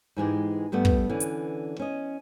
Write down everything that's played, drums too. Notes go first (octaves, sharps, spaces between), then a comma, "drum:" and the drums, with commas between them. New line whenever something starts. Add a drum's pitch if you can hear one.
G#2 E3 G#3 G4
G2 G3 A3 B3
drum: kick
D3 E3 C#4
drum: hi-hat
C#4 D#5